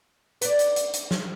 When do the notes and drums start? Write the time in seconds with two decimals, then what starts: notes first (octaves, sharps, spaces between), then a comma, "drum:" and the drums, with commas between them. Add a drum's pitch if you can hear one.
0.41 B4 D5, drum: hi-hat
0.59 drum: hi-hat
0.76 drum: hi-hat
0.93 drum: hi-hat
1.11 drum: snare